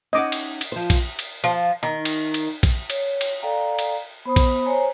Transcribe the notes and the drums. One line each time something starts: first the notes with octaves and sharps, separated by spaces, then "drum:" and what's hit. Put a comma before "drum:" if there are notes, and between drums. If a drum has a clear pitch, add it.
C#4 D#4 D#5 F#5 D6
drum: cymbal
drum: cymbal
F3 C5
drum: kick A#1, cymbal
drum: cymbal
F3
D#3
drum: cymbal
drum: cymbal
drum: kick A#1, cymbal
C#5, drum: cymbal
drum: cymbal
A4 D5 F5 G5 A#5
drum: cymbal
B3 C5 B5 D#6
drum: kick A#1, cymbal
C5 C#5 G#5 A#5